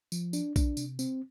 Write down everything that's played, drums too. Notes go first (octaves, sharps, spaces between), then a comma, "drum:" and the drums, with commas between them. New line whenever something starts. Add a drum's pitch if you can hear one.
F3, drum: tambourine
D4, drum: tambourine
D4, drum: kick A#1, tambourine
C3, drum: tambourine
C4, drum: tambourine